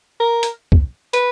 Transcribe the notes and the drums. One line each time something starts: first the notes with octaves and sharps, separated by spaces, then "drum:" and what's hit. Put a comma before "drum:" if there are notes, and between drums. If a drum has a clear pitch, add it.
A#4
drum: hi-hat
drum: kick
B4, drum: hi-hat